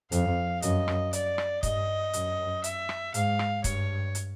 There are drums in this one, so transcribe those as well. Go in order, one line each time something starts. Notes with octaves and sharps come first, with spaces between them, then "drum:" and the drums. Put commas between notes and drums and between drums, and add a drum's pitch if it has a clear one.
F2 F5, drum: hi-hat
F#2 D#5, drum: hi-hat
drum: rim click
D5, drum: hi-hat
drum: rim click
G2 D#5, drum: kick, hi-hat
F#2, drum: hi-hat
E5, drum: hi-hat
drum: rim click
G#2 F5, drum: hi-hat
drum: rim click
G2 C#5, drum: kick, hi-hat
drum: hi-hat